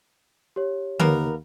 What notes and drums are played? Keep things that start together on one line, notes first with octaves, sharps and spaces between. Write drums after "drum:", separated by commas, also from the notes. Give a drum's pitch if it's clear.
G4 C#5
D#2 A#3 B3 A#4, drum: tom D3